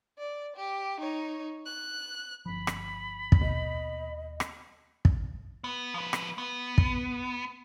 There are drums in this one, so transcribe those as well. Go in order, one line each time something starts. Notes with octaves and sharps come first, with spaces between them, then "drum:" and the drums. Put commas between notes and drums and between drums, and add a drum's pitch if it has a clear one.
D5
G4
D#4 C#5
F#6
G1 F3 B5
drum: rim click
drum: kick
D#2 B2 D#5
drum: rim click
drum: kick
B3
F3 B4
drum: rim click
B3
drum: kick